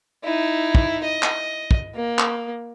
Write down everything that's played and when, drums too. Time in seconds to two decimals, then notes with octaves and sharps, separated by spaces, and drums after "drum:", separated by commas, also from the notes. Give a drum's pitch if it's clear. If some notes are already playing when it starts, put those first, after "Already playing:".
0.23 D#4 E4
0.75 drum: kick
1.04 D#5
1.23 drum: clap
1.71 drum: kick
1.95 A#3
2.19 drum: clap